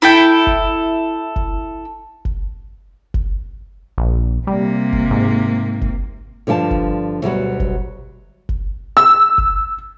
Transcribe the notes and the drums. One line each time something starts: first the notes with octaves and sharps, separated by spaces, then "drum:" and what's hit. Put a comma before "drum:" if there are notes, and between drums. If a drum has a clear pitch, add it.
E4 A4 G5
drum: kick
drum: kick
drum: kick
drum: kick
A#1
C3 G3 A#3
drum: kick
G#2
drum: kick
G2 D3 F3 G5 A5
drum: kick
D2 B2 F#3 G3
drum: kick
drum: kick
E6
drum: kick